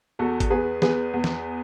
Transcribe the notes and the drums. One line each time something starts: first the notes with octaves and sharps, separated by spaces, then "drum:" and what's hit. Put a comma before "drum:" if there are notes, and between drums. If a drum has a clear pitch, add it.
E2 F#4 A4
drum: kick G#1, hi-hat
E2 G#4 B4
E2 G#4 B4, drum: snare
E2
drum: snare